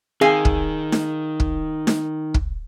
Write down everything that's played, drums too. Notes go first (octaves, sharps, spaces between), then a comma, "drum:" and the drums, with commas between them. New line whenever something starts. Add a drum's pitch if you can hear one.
D#3 C4 G#4 F5 G#5
drum: kick
drum: snare D#4
drum: kick
drum: snare D#4
drum: kick